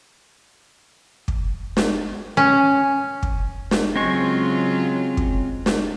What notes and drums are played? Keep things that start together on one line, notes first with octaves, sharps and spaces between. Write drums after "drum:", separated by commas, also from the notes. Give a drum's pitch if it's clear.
drum: kick
drum: snare
C#4
drum: kick
drum: snare
C#3 F#3 G#3 C4 F4 C#6
drum: kick
drum: snare